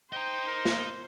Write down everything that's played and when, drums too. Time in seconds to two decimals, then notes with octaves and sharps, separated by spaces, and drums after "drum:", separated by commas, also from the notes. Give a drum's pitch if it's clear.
0.13 C5 D#5 G5 A#5
0.47 A#4
0.65 drum: snare